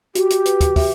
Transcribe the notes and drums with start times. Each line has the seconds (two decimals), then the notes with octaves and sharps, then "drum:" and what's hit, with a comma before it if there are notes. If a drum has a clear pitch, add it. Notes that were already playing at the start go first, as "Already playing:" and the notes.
0.15 F#4 G4, drum: hi-hat
0.30 drum: hi-hat
0.46 B4, drum: hi-hat
0.61 drum: kick, hi-hat
0.76 E5, drum: kick, open hi-hat